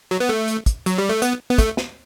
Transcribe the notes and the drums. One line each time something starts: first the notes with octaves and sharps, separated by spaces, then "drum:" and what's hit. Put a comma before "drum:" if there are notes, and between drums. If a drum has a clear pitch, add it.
F#3
B3
A3
drum: hi-hat
drum: kick, hi-hat
F#3, drum: hi-hat
G3
A3
B3, drum: hi-hat
B3
A3, drum: kick, hi-hat
drum: snare